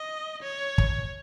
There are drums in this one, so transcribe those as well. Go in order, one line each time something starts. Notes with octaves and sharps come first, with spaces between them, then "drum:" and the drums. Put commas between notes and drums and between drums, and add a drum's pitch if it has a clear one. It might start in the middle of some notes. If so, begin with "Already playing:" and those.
Already playing: D#5
C#5
drum: kick